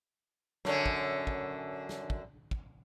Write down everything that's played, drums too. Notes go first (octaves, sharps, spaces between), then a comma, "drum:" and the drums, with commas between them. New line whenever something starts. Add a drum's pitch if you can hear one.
F#2 D3 C#4, drum: snare
drum: kick
drum: kick
drum: snare
drum: kick
drum: kick